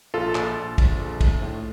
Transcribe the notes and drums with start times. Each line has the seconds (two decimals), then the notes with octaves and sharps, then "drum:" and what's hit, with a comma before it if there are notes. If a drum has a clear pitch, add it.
0.14 A#1 F4 A4
0.35 A#1, drum: clap
0.56 A#1
0.78 A#1, drum: kick, cymbal
1.00 A#1
1.21 A#1, drum: kick, cymbal
1.42 A2